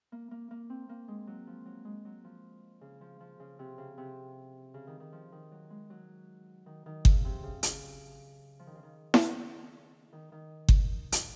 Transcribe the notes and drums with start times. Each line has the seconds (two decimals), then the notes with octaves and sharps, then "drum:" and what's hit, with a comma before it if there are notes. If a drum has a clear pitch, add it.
0.12 A#3
0.31 A#3
0.51 A#3
0.70 C4
0.89 A#3
1.08 G#3
1.27 F#3
1.47 F3
1.66 F#3
1.85 G#3
2.05 F#3
2.24 F3
2.81 C#3
3.01 F3
3.20 F3
3.40 C#3
3.59 C3
3.78 C#3
3.98 C3
4.74 C#3
4.87 D#3
5.00 D#3
5.12 F3
5.32 D#3
5.52 F#3
5.70 G#3
5.90 F#3
6.66 D#3
6.86 D#3
7.05 C#3, drum: kick G1
7.25 C3
7.43 C#3
7.63 C#3, drum: hi-hat
8.59 F3
8.67 D#3
8.75 C#3
8.83 D#3
9.14 drum: snare E4
10.13 D#3
10.32 D#3
10.69 drum: kick G1
11.12 drum: hi-hat